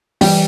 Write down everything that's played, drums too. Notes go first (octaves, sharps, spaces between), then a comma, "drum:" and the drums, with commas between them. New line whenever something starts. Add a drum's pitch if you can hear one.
E3 G3 G4, drum: open hi-hat